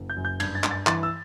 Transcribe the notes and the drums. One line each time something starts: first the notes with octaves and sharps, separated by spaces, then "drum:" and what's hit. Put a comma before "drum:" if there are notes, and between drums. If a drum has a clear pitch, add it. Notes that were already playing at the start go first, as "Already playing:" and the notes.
Already playing: F#1
G6
F#2
G6
G2 G#6, drum: cymbal
A6
G2, drum: clap
A6
E3 A6, drum: clap
E6